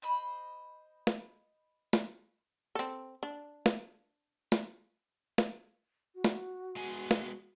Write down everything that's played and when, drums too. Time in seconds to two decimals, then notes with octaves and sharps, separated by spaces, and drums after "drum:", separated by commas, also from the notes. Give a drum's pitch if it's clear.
0.02 C5 D#5 B5
1.07 drum: snare
1.93 drum: snare
2.75 C4 A4
3.23 D4
3.66 drum: snare
4.52 drum: snare
5.38 drum: snare
6.15 F#4
6.24 drum: snare
6.76 G#3 B3 G#5
7.11 drum: snare